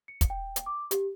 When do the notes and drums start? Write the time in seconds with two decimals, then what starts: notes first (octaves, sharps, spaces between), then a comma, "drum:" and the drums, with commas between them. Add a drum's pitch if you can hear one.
0.08 C#7
0.21 drum: kick, hi-hat
0.30 G5
0.56 drum: hi-hat
0.66 D6
0.91 G4, drum: hi-hat